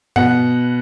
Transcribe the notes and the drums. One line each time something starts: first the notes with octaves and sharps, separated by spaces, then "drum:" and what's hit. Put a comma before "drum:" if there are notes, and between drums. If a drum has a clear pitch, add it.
B2 F#5, drum: tom G2